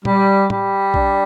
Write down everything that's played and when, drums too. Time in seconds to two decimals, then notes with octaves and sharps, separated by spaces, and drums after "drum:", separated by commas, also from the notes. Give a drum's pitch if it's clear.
0.05 G3, drum: tom
0.50 G3, drum: tom
0.94 D4, drum: kick B1